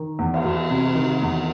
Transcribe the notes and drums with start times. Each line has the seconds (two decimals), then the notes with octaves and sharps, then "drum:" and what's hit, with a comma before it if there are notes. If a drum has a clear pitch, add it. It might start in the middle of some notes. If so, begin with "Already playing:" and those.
Already playing: D#3
0.19 E2
0.34 drum: cymbal
0.45 E2
0.70 C3
0.95 D#3
1.22 E2